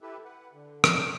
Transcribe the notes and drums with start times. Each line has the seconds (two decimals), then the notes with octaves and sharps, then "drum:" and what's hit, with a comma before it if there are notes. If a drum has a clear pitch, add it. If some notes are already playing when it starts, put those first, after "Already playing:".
0.01 E4 G4 A4 B4 E5
0.25 B4 F#5
0.53 D3
0.84 A3 D4 D#4 C#5 F6 G6, drum: rim click